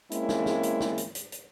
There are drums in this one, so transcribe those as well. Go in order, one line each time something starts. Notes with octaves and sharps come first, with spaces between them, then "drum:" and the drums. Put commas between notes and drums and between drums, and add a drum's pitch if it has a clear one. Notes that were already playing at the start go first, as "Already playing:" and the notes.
G#3 A#3 C4 C#4 E4, drum: hi-hat
drum: snare
drum: snare
drum: hi-hat
drum: snare
drum: hi-hat
drum: hi-hat
drum: hi-hat